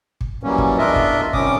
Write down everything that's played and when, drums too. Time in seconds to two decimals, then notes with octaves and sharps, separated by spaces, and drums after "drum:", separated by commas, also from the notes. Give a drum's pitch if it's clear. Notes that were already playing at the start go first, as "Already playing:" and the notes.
0.21 drum: kick
0.43 E3 F#3 G3 A#3 C#4
0.58 drum: kick
0.78 E2 D4 F4 A#4 D#5 E5
0.96 drum: kick
1.33 C3 D#3 G3 C#4 D6 D#6, drum: kick